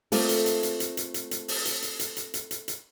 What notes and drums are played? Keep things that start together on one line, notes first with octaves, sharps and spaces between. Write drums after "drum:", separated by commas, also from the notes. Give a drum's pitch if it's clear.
A3 A#3 C4 F4 A4, drum: open hi-hat
drum: hi-hat
drum: hi-hat
drum: hi-hat
drum: hi-hat
drum: hi-hat
drum: hi-hat
drum: hi-hat
drum: open hi-hat
drum: hi-hat
drum: hi-hat
drum: hi-hat
drum: hi-hat
drum: hi-hat
drum: hi-hat
drum: hi-hat